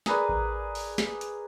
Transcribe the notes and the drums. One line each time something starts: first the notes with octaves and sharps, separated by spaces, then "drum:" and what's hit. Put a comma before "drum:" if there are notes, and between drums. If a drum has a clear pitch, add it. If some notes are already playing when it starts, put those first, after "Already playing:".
G#4 A#4 B4 D5, drum: snare
drum: kick A1
drum: open hi-hat
drum: snare
drum: hi-hat